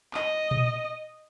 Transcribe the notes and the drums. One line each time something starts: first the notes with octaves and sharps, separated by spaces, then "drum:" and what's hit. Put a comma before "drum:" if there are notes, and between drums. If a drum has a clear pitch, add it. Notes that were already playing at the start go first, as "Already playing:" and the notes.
D#5, drum: clap
drum: tom A#2